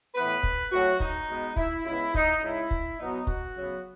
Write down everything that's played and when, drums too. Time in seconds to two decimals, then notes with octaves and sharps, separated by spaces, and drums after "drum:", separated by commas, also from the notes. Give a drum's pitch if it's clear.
0.15 A2 E3 B3 B4
0.43 drum: kick
0.71 A2 F#3 A3 F#4
1.00 D#4, drum: kick
1.29 B2 G#3 B3
1.56 E4, drum: kick
1.85 C#3 G#3 B3 E4
2.14 D#4, drum: kick
2.42 C#3 G#3 C#4 E4
2.71 drum: kick
2.99 B2 F#3 B3 D#4
3.27 F#4, drum: kick
3.56 C#3 F#3 B3